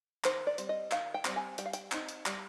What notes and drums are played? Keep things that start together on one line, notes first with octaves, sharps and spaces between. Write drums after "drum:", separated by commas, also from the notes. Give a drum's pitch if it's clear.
D#3 C5, drum: clap
D5
G3 C4, drum: hi-hat
D#5
D#3 F5, drum: clap
G5
G3 C4, drum: clap
G#5
G3 G5, drum: hi-hat
F5
G5, drum: hi-hat
C4 D#4, drum: clap
drum: hi-hat
G3, drum: clap